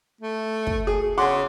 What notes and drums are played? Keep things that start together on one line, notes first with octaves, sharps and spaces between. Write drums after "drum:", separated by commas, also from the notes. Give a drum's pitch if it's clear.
A3
drum: kick
G#4
C#3 F#5 C6 D6